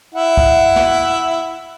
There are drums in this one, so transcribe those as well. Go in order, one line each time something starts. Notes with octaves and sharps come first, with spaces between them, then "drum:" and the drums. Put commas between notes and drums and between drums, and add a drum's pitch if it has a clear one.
E4 E5 F#5
drum: kick
drum: snare